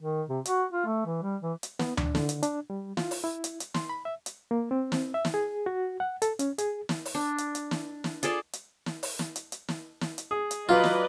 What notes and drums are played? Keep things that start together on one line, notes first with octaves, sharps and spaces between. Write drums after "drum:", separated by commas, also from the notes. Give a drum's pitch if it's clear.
D#3
C3
F#4, drum: hi-hat
F4
A3
E3
G3
E3
drum: hi-hat
B3, drum: snare
D4, drum: tom D2
D3, drum: snare
drum: hi-hat
D4, drum: hi-hat
G3
F4, drum: snare
drum: open hi-hat
E4
drum: hi-hat
drum: hi-hat
C6, drum: snare
B5
E5
drum: hi-hat
A#3
C4
drum: snare
E5
drum: snare
G#4
F#4
F#5
A4, drum: hi-hat
C#4, drum: hi-hat
G#4, drum: hi-hat
drum: snare
drum: open hi-hat
D4
drum: hi-hat
drum: hi-hat
drum: snare
drum: snare
F4 G#4 A4 D5, drum: hi-hat
drum: hi-hat
drum: snare
drum: open hi-hat
drum: snare
drum: hi-hat
drum: hi-hat
drum: snare
drum: snare
drum: hi-hat
G#4
drum: hi-hat
F#3 F4 B4 D5 D#5 F5
drum: snare